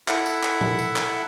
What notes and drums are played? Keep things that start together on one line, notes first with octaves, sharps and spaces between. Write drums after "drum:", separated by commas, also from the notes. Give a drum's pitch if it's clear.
E4 A4 E5 F#5, drum: clap
drum: tambourine
drum: clap
drum: tom A#2
drum: tambourine
drum: clap